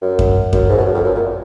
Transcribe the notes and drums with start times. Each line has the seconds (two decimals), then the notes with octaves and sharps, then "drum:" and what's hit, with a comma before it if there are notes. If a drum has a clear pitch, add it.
0.02 F#2
0.19 drum: kick F#2
0.53 F#2, drum: kick F#2
0.69 G#2
0.78 B2
0.86 F#2
0.94 F2
1.03 F#2
1.15 A#2